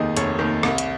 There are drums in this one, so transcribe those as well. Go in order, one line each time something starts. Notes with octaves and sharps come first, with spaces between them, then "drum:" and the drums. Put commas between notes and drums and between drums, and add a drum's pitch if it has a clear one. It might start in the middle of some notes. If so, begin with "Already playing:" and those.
Already playing: F1 D#2 D#3 G#4 D#5
F1 C#5, drum: hi-hat
D#2 D#3
C2, drum: rim click
drum: hi-hat